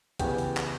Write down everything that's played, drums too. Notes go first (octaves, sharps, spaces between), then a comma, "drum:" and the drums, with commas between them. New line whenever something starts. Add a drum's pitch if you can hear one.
E2 C#3 E3 B3 G4, drum: kick, hi-hat
drum: open hi-hat
drum: clap